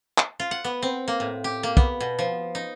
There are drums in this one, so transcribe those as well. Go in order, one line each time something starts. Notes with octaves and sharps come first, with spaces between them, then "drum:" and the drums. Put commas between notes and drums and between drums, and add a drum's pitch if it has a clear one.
drum: clap
F4
F#5
B3
C4
A#3
A2
G4
A#3
B3, drum: kick
B2
F3
D#4